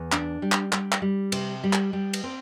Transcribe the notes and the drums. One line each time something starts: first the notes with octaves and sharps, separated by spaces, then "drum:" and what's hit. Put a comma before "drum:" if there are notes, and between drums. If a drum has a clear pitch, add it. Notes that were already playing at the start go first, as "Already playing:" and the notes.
Already playing: E2
D4, drum: clap
G3
drum: clap
G3, drum: clap
drum: clap
G3
C3, drum: cymbal
G3
drum: clap
G3
drum: cymbal
C4